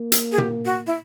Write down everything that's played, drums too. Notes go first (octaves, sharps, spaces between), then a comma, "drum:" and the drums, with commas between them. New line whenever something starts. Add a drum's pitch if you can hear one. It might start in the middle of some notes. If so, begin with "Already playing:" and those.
Already playing: A#3
drum: hi-hat
G#4
G4, drum: tom
F#4
E4